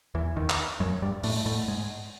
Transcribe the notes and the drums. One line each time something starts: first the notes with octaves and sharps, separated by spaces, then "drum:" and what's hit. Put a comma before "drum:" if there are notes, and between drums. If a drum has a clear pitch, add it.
E2 E3
D#2 D#3
drum: clap
F#2 F#3
G2 G3
A2 A3, drum: open hi-hat
A2 A3
G#2 G#3